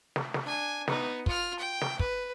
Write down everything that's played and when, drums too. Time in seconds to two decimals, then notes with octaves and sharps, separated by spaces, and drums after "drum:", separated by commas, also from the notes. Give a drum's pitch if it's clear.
0.16 drum: snare
0.34 drum: snare
0.44 D4 G#5
0.88 B3 D#4, drum: snare
1.26 F4 F6, drum: kick
1.59 G5
1.81 drum: snare
1.99 B4, drum: kick